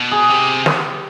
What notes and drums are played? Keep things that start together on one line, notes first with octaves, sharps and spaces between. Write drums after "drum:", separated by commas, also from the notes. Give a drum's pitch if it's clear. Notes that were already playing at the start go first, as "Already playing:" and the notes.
Already playing: B2
G#4
C3 G4
drum: snare